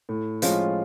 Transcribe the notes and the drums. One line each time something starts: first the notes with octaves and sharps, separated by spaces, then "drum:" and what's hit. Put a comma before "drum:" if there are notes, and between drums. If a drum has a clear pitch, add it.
A2
F3 G#3 C#4 F4, drum: hi-hat